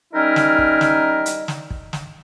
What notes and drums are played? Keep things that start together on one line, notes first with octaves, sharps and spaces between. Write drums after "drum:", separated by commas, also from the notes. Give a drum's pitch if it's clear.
G3 C#4 D#4 E4 A#4 D#5
drum: snare
drum: kick
drum: snare
drum: hi-hat
drum: snare
drum: kick
drum: snare